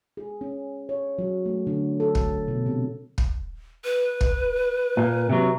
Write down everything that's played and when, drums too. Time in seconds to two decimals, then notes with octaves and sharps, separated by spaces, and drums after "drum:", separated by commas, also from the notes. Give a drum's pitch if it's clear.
0.17 G#4
0.41 C#4
0.89 C#5
1.19 F#3
1.46 A3
1.67 D3
2.00 A4
2.15 drum: kick
2.48 B2
2.66 C3
3.18 drum: kick
3.84 B4
4.21 drum: kick
4.97 A#2
5.29 C3 F#3